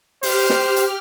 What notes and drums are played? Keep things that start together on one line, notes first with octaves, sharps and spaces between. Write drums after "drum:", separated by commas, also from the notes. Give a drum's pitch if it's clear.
G4 C5 F6, drum: open hi-hat
drum: snare
drum: hi-hat